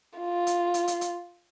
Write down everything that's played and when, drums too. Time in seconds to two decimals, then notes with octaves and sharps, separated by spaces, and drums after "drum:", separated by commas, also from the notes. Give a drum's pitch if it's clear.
0.19 F4
0.47 drum: hi-hat
0.74 drum: hi-hat
0.88 drum: hi-hat
1.01 drum: hi-hat